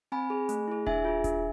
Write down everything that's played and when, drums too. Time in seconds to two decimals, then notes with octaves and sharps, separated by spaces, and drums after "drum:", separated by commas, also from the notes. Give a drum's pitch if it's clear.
0.12 C4 G#5 B5
0.30 G#4
0.49 A3, drum: hi-hat
0.68 E4 G#4
0.87 D4 E5 G#5, drum: kick D#1
1.05 F4 G#4
1.24 D4, drum: kick D#1, hi-hat